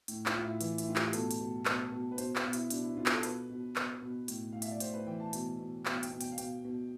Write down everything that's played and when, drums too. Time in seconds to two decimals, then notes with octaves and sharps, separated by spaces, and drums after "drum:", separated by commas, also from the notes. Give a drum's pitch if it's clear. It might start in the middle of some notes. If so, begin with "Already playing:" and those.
0.08 A2, drum: hi-hat
0.26 F4, drum: clap
0.34 A2
0.43 E4
0.61 E3, drum: hi-hat
0.78 E4, drum: hi-hat
0.87 A2 F4
0.96 G4, drum: clap
1.13 B2 A4, drum: hi-hat
1.31 drum: hi-hat
1.40 B2
1.65 B2, drum: clap
1.92 B2
2.11 B4
2.18 B2 C5, drum: hi-hat
2.36 B4, drum: clap
2.45 B2
2.53 E4, drum: hi-hat
2.70 B2 D4, drum: hi-hat
2.83 E4
2.97 B2 F4
3.06 B4, drum: clap
3.10 A4
3.23 B2 B4, drum: hi-hat
3.49 B2
3.76 B2, drum: clap
4.02 B2
4.28 A2, drum: hi-hat
4.53 A2 F5
4.62 E5, drum: hi-hat
4.71 D5
4.80 A2 C5, drum: hi-hat
4.94 B4
5.07 E3 G5
5.20 A5
5.33 B2, drum: hi-hat
5.59 B2
5.86 B2 G5, drum: clap
6.03 G5, drum: hi-hat
6.12 B2
6.21 G5, drum: hi-hat
6.32 F5
6.38 B2 G5, drum: hi-hat
6.64 B2